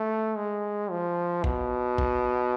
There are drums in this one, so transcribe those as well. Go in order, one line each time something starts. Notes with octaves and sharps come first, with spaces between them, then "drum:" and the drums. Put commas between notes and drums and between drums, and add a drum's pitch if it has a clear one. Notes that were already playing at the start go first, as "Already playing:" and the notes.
Already playing: A3
G#3
F3
B2, drum: kick A1
drum: kick A1